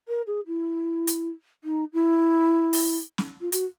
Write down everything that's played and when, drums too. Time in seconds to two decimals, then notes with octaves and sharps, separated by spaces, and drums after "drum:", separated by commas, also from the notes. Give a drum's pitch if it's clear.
0.08 A#4
0.27 G#4
0.47 E4
1.07 drum: hi-hat
1.64 D#4
1.93 E4
2.73 drum: open hi-hat
3.18 drum: snare
3.41 F4
3.52 F#4, drum: hi-hat